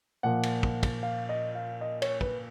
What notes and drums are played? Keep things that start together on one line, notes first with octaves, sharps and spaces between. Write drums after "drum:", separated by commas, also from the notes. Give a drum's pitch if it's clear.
A#2 F3 F#5
drum: cymbal
drum: kick
drum: kick, cymbal
F5
D#5
F5
D#5
C#5, drum: cymbal
B4, drum: kick